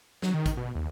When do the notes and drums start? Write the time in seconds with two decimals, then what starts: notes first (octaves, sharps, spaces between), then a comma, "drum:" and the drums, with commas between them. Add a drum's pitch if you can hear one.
0.22 F#3, drum: snare
0.34 D#3
0.46 drum: kick A1, hi-hat
0.57 B2
0.75 D#2